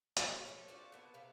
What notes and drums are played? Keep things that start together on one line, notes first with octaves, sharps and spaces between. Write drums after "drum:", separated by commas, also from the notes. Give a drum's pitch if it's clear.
G4 C#5, drum: hi-hat
F3 A3 A#3
C4 D4 F4 F#4
A#3 B3 A4
C3 F5